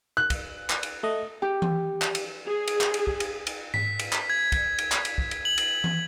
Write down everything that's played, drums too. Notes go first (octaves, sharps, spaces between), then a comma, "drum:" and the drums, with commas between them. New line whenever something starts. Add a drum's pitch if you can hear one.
F#6
drum: kick, cymbal
drum: clap
drum: cymbal
A3 D#5
G4
drum: tom E3
drum: clap
drum: cymbal
G#4
drum: cymbal
drum: clap
drum: cymbal
drum: kick
drum: cymbal
drum: cymbal
B6, drum: tom G#2
drum: cymbal
drum: clap
G#6
drum: kick, cymbal
drum: cymbal
drum: clap
drum: cymbal
drum: kick
drum: cymbal
F#7
drum: cymbal
drum: tom E3